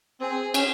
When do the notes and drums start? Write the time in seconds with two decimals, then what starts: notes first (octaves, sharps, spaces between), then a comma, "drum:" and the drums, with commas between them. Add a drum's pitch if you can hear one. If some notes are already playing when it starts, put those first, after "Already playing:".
0.21 C4 G#4
0.54 C#4, drum: cymbal